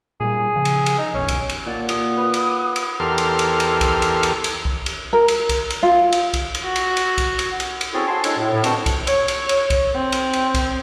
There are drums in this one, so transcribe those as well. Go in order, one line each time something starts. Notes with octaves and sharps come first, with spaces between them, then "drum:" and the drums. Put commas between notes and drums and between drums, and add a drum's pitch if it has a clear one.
A#2 G3 G#4
C#3 F3
drum: cymbal
drum: cymbal
D#4
F1 B1 C#4
drum: kick C2, cymbal
drum: cymbal
A#2 D5 F#5 A5
A#2 F#4 D#6, drum: cymbal
B4
drum: cymbal
drum: cymbal
E2 G4 A4 A#4 C6 F6
drum: cymbal
drum: cymbal
drum: cymbal
drum: kick C2, cymbal
drum: cymbal
drum: cymbal
drum: cymbal
drum: kick C2
drum: cymbal
A#4
drum: cymbal
drum: kick C2, cymbal
drum: cymbal
F4
drum: cymbal
drum: kick C2, cymbal
drum: cymbal
F#4
drum: cymbal
drum: cymbal
drum: kick C2, cymbal
drum: cymbal
drum: cymbal
drum: cymbal
C4 C#4 E4 F#4 G#4 A4
F#4 G#4 G#5 A5 C6
F#3 G#3 D4 E4 A4 C#5, drum: cymbal
A2
A2
B2 D3 C4 F#4 C5 A5, drum: cymbal
drum: kick C2, cymbal
C#5, drum: cymbal
drum: cymbal
drum: cymbal
drum: kick C2, cymbal
C4
drum: cymbal
drum: cymbal
drum: kick C2, cymbal